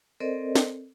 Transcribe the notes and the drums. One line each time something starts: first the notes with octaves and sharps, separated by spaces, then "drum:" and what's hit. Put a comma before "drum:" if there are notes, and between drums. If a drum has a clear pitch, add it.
C4 A4 A#4 C5 D5 D#5
drum: snare